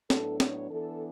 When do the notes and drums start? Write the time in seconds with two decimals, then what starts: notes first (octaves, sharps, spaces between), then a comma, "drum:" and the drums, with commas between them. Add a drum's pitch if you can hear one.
0.10 A2 F#3 B3 D4 A4, drum: snare
0.40 C#5, drum: snare
0.70 E3 B3 D4 A4